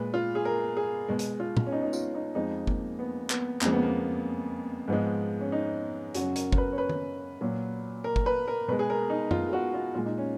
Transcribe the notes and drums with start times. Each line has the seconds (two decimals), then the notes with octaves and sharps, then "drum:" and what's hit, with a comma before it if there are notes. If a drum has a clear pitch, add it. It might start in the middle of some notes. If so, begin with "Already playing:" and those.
Already playing: A#2 G#3 B4
0.14 F4
0.35 G#4
0.45 A#4
0.77 G#4
1.08 B2 G#3
1.19 drum: hi-hat
1.40 F4
1.57 drum: tom
1.66 C#4
1.72 D#4
1.82 D#4
1.93 F4, drum: tambourine
2.15 D#4
2.35 F2 F3 G#3 D#4
2.67 A#3, drum: kick G1
2.99 B3
3.30 B3, drum: clap
3.61 F2 C#3 F3 G#3 A#3, drum: clap
3.73 B3
3.83 A#3
4.88 G#2 F3 G#3 B3
5.41 C#4
5.52 D#4
6.15 F#2 C#3 F#3 F#4, drum: hi-hat
6.36 A#4, drum: hi-hat
6.52 A#4, drum: kick G1
6.58 B4
6.72 C#5
6.78 B4
6.90 drum: tom
7.41 A#2 F#3
8.04 A#4
8.16 drum: kick G1
8.26 B4
8.48 A#4
8.68 B2 G#3 B4
8.79 G#4
8.90 A#4
9.10 D#4
9.31 F4, drum: tom F#2
9.48 G#4
9.53 F#4
9.74 F4
9.95 A#2 G#3 F4
10.06 D#4
10.18 C#4